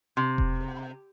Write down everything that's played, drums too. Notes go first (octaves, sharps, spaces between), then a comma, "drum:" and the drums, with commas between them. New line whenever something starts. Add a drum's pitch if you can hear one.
C3
drum: kick E1